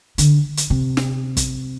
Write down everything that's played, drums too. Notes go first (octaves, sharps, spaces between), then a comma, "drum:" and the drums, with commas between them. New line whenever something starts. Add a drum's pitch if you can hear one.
D3, drum: hi-hat
drum: hi-hat
C3
drum: snare
drum: kick, hi-hat